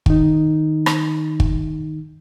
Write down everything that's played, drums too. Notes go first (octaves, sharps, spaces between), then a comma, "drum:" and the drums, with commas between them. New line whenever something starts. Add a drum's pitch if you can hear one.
D#3 D#4, drum: kick
drum: rim click
drum: kick